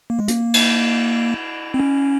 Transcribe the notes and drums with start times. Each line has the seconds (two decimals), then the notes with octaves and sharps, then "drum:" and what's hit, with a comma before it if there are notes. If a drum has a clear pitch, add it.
0.10 A#3
0.19 G#3
0.28 A#3, drum: hi-hat
0.54 drum: cymbal
1.74 C4
1.80 C#4